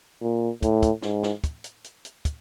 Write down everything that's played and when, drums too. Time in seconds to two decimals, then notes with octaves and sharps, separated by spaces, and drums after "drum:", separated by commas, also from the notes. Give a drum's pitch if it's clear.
0.21 A#2
0.62 A2, drum: kick, hi-hat
0.83 drum: kick, hi-hat
1.02 G#2, drum: snare
1.23 drum: snare
1.44 drum: kick, hi-hat
1.64 drum: hi-hat
1.84 drum: hi-hat
2.05 drum: hi-hat
2.25 drum: kick, hi-hat